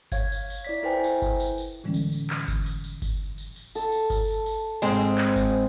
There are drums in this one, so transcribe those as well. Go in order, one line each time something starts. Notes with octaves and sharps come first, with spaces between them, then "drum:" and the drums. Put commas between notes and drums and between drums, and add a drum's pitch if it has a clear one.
C#5 F5 G#6, drum: kick G1, tambourine
drum: tambourine
drum: tambourine
E4 D5 B6
E4 A4 B4 C5 G5 G#5
drum: tambourine
drum: kick G1, tambourine
drum: tambourine
drum: tambourine
A2 D3 E3 G3 G#3 C#4
drum: tambourine
drum: tambourine
drum: clap
drum: kick G1, tambourine
drum: tambourine
drum: tambourine
drum: kick G1, tambourine
drum: tambourine
drum: tambourine
A4, drum: tambourine
drum: tambourine
drum: kick G1, tambourine
drum: tambourine
drum: tambourine
G#2 G#3 C4, drum: tambourine
drum: tambourine
drum: clap
drum: kick G1, tambourine